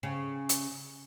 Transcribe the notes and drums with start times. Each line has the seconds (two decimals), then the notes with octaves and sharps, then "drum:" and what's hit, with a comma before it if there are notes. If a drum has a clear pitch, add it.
0.03 C#3
0.49 drum: hi-hat